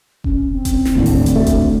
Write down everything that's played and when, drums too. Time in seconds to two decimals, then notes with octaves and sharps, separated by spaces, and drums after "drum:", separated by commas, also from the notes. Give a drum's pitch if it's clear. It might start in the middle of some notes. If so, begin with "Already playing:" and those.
0.24 C#4, drum: kick F1
0.53 C4
0.65 drum: kick F1, hi-hat
0.85 drum: snare
0.96 D#2 A2 D3
1.06 drum: kick F1, open hi-hat
1.26 drum: hi-hat
1.36 D2 A3
1.46 drum: kick F1, hi-hat